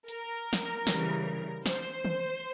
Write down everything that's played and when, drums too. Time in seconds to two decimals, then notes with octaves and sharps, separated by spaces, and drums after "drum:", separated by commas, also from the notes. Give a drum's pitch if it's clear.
0.08 A#4, drum: hi-hat
0.53 drum: snare
0.87 C#3 E3 G3, drum: snare
1.66 C5, drum: snare
2.05 drum: tom D#3